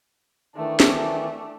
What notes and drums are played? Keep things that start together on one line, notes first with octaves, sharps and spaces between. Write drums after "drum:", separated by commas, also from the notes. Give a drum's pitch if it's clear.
D#3 E3 A3 D4
drum: snare